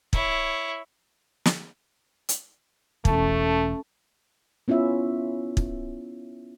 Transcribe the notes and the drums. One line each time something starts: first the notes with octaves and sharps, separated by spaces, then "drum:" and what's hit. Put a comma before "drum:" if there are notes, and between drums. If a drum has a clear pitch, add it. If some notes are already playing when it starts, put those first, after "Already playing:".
E4 C#5, drum: kick
drum: snare
drum: hi-hat
E1 E2 A3 C#4 A4 A5, drum: kick
B3 C#4 E4 F4 E5
drum: kick